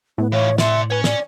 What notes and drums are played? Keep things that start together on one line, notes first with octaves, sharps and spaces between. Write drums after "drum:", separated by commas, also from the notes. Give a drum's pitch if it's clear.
A2 B3
E3 F4 C#5
D5 E5 C6, drum: snare
B4 C#5 G#5
D5, drum: snare